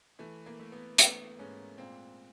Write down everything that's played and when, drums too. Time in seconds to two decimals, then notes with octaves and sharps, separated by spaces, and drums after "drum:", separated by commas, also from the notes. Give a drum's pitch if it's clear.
0.19 E3 A3
0.46 A#3
0.60 A3
0.72 B3
0.98 A3 B3, drum: hi-hat
1.39 G#2 C#4
1.78 A#2 C4